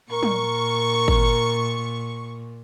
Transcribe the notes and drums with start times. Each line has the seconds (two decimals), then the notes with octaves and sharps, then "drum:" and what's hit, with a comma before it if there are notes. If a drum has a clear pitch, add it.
0.12 A#2 A#4 C#6
0.23 drum: tom
1.08 drum: kick G#1